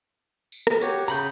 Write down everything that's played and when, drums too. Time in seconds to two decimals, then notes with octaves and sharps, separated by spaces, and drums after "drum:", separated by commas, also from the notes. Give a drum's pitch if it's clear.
0.52 drum: tambourine
0.67 drum: rim click
0.81 F#4 G4 C#5, drum: tambourine
1.08 C#3 A#5 B5 G6, drum: tambourine